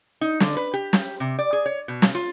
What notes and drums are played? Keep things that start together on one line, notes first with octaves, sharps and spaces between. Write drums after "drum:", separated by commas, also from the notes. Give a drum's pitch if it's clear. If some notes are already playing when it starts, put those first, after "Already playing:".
D#4
D3, drum: snare
B4
G4
drum: snare
C3
D5
G#4
C#5
B2
drum: snare
F4